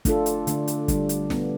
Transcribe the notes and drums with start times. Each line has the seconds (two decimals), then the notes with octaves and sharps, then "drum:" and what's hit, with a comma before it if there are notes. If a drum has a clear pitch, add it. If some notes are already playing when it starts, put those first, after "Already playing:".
0.05 A3 D4 F4 A4, drum: kick, hi-hat
0.26 drum: hi-hat
0.47 D3 A3 D4, drum: hi-hat
0.68 drum: hi-hat
0.88 D3 G3 D4, drum: kick, hi-hat
1.09 drum: hi-hat
1.30 G3 B3 D4, drum: snare